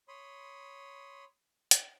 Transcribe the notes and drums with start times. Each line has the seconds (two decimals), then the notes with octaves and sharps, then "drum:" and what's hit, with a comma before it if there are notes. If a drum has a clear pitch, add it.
0.08 C#5 B5 C6 D#6
1.71 drum: hi-hat